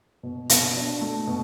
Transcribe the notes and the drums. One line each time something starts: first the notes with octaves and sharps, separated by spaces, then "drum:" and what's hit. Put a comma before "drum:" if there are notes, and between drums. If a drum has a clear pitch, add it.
B2
B2, drum: hi-hat
D4
A3
B2